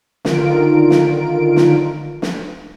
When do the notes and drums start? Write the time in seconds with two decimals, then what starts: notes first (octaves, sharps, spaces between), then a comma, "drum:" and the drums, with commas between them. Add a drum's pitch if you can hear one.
0.25 D3 D#3 F4 A#4 D7, drum: snare
0.91 drum: snare
1.56 drum: snare
2.22 drum: snare